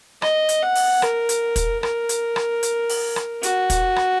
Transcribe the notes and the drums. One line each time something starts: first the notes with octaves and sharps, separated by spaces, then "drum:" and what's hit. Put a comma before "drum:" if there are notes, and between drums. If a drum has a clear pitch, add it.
D#5, drum: rim click
drum: hi-hat
F#5
drum: open hi-hat
A#4, drum: rim click
drum: hi-hat
drum: kick, hi-hat
A#4, drum: rim click
drum: hi-hat
drum: rim click
drum: hi-hat
drum: open hi-hat
drum: rim click
F#4, drum: hi-hat
drum: kick, hi-hat
drum: rim click